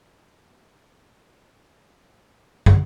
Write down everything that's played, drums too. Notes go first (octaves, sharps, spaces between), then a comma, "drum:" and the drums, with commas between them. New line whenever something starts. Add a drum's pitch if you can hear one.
D#3
C3
A#2
G#2
A#2
A#2
C3
C3
C3
A#2
A#2
F3
D#3
A#2
G#2
A#2
C3
drum: kick